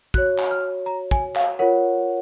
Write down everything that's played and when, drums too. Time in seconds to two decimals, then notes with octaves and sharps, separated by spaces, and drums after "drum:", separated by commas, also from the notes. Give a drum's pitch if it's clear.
0.14 F#4 C#5 F#6, drum: kick
0.38 drum: clap
0.51 F6
0.86 A#5
1.11 G#5, drum: kick
1.35 F5, drum: clap
1.59 F4 A#4 C#5 F#5